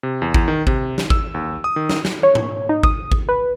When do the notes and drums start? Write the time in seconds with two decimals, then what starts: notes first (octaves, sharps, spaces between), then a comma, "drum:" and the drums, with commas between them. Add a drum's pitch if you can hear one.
0.03 C3
0.22 E2
0.34 E2, drum: kick G#1
0.48 D#3
0.67 C3, drum: kick G#1
0.98 drum: snare
1.10 E6, drum: kick G#1
1.34 D#2
1.64 D#6
1.76 D#3
1.89 drum: snare
2.05 drum: snare
2.23 C#5
2.35 drum: tom G#2
2.69 D#4
2.83 D#6, drum: kick G#1
3.12 drum: kick G#1
3.29 B4